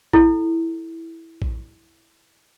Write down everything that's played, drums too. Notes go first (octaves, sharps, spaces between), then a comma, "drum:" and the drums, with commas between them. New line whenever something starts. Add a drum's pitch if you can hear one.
E4 A4, drum: kick A#1
drum: kick A#1